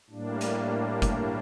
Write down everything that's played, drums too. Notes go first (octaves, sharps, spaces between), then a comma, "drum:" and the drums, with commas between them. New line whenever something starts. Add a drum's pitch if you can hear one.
A2 G3 A#3 D4
drum: hi-hat
drum: kick F#1, hi-hat